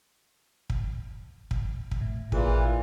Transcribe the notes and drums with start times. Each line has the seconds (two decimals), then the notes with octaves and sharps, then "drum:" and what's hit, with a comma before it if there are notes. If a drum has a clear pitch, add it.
0.70 drum: kick
1.51 drum: kick
1.91 drum: kick
2.01 A2
2.32 A1 A#2 E3 G#4, drum: kick